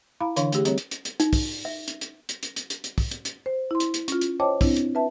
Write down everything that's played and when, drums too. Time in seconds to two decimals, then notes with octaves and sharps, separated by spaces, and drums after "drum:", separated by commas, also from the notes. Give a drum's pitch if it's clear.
0.21 E4 F5 A#5 B5
0.36 D3 E3 D4 C#5 F5, drum: hi-hat
0.52 A3 G4 G#4, drum: hi-hat
0.65 G3 C4 G#4 C#5, drum: hi-hat
0.78 drum: hi-hat
0.91 drum: hi-hat
1.05 drum: hi-hat
1.20 D#4, drum: hi-hat
1.33 drum: kick, open hi-hat
1.65 E5
1.88 drum: hi-hat
2.01 drum: hi-hat
2.29 drum: hi-hat
2.43 drum: hi-hat
2.56 drum: hi-hat
2.70 drum: hi-hat
2.84 drum: hi-hat
2.98 drum: kick, open hi-hat
3.11 drum: hi-hat
3.25 drum: hi-hat
3.46 C5
3.71 E4 C6
3.80 drum: hi-hat
3.94 drum: hi-hat
4.08 C#4 F4, drum: hi-hat
4.21 drum: hi-hat
4.40 C5 C#5 D#5 G5 A5 D6
4.61 C4 D4 E4, drum: kick, open hi-hat
4.76 drum: hi-hat
4.95 B4 E5 A5